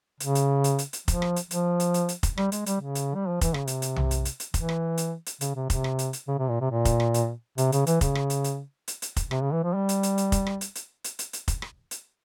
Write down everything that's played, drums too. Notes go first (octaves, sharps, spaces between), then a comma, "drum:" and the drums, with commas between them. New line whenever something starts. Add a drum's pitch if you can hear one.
C#3, drum: hi-hat
drum: hi-hat
drum: hi-hat
drum: hi-hat
drum: hi-hat
F3, drum: kick F1, hi-hat
drum: rim click
drum: hi-hat
F3, drum: hi-hat
drum: hi-hat
drum: hi-hat
drum: hi-hat
drum: kick F1, hi-hat
G3, drum: rim click
G#3, drum: hi-hat
G3, drum: hi-hat
C#3
drum: hi-hat
G3
F3
E3, drum: kick F1, hi-hat
C#3, drum: rim click
C3, drum: hi-hat
drum: hi-hat
drum: tom B1
drum: hi-hat
drum: hi-hat
drum: hi-hat
E3, drum: kick F1, hi-hat
drum: rim click
drum: hi-hat
drum: hi-hat
C#3, drum: hi-hat
C3
C3, drum: kick F1, hi-hat
drum: rim click
drum: hi-hat
drum: hi-hat
C#3
C3
A#2
C3
A#2
drum: kick F1, hi-hat
drum: rim click
drum: hi-hat
C3, drum: hi-hat
C#3, drum: hi-hat
E3, drum: hi-hat
C#3, drum: kick F1, hi-hat
drum: rim click
drum: hi-hat
drum: hi-hat
drum: hi-hat
drum: hi-hat
drum: kick F1, hi-hat
C3, drum: rim click
C#3
E3
F3
G3
drum: hi-hat
drum: hi-hat
drum: hi-hat
drum: kick F1, hi-hat
drum: rim click
drum: hi-hat
drum: hi-hat
drum: hi-hat
drum: hi-hat
drum: hi-hat
drum: kick F1, hi-hat
drum: rim click
drum: hi-hat